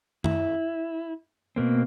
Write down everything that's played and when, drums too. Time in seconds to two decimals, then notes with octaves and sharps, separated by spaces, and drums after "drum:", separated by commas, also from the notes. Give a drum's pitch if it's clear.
0.24 E4, drum: tom
1.56 B2 A#3 C4